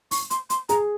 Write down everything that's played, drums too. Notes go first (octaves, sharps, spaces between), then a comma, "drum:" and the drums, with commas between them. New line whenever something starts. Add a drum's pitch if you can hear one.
C#6, drum: open hi-hat
C6, drum: hi-hat
C6, drum: hi-hat
G#4 A#5, drum: hi-hat